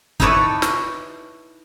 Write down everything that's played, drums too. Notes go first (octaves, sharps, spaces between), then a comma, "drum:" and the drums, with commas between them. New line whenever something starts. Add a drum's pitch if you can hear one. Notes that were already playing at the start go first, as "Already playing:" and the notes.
D#4 E4 A4 B4 C#5 D5, drum: kick
drum: snare